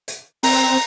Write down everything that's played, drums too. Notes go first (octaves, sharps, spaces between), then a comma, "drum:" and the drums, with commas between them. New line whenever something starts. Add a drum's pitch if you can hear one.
drum: hi-hat
C4 A#5, drum: open hi-hat